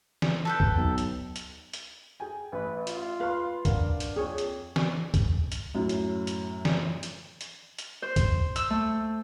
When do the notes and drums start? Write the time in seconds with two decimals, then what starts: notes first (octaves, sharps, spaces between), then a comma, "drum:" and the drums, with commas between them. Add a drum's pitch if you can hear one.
0.22 drum: snare
0.45 A4 B4 G5
0.60 drum: kick
0.77 B1
0.98 drum: hi-hat
1.36 drum: hi-hat
1.73 drum: hi-hat
2.20 G#4 G5 G#5
2.52 A1 B4
2.87 F4, drum: hi-hat
3.20 B4 F5 C6
3.65 D4 A#4 F5 F#5, drum: kick, hi-hat
4.00 drum: hi-hat
4.16 F2 G#4 C#5
4.38 drum: hi-hat
4.76 drum: snare
5.14 drum: kick, hi-hat
5.52 drum: hi-hat
5.75 F#2 A2
5.89 drum: hi-hat
6.27 drum: hi-hat
6.65 drum: snare
7.03 drum: hi-hat
7.41 drum: hi-hat
7.78 drum: hi-hat
8.02 C5
8.16 drum: kick, hi-hat
8.56 E6, drum: hi-hat
8.70 A3